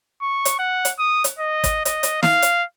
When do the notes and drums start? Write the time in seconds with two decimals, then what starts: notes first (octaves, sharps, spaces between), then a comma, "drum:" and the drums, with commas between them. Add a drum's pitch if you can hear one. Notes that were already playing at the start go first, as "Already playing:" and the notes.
0.22 C#6
0.45 drum: hi-hat
0.59 F#5
0.85 drum: hi-hat
0.99 D#6
1.24 drum: hi-hat
1.39 D#5
1.64 drum: kick, hi-hat
1.85 D#5, drum: hi-hat
2.03 drum: hi-hat
2.23 F5, drum: snare
2.42 drum: hi-hat